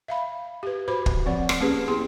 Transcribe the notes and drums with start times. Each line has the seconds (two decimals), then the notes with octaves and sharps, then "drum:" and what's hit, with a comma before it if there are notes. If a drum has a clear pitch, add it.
0.08 E5 F5 B5
0.63 G4 B4
0.88 F#4 B4 C5 B5 D6
1.06 drum: kick
1.26 F3 C4 D5 F#5
1.49 drum: rim click
1.60 A#3 C#4 G4 G#4 B4
1.88 B3 E4 G4 G#4 C6